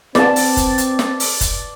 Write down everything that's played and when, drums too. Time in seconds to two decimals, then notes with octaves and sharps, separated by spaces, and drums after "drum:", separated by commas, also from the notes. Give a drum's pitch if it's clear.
0.15 C4 D5 A5, drum: snare
0.36 drum: open hi-hat
0.57 drum: kick, hi-hat
0.78 drum: hi-hat
0.99 drum: snare
1.20 drum: open hi-hat
1.41 drum: kick, hi-hat